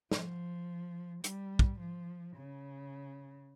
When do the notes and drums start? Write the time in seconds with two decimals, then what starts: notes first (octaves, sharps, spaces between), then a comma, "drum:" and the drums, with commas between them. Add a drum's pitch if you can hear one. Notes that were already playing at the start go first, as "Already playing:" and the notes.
0.12 F3, drum: snare
1.24 G3, drum: hi-hat
1.59 drum: kick
1.80 F3
2.36 C#3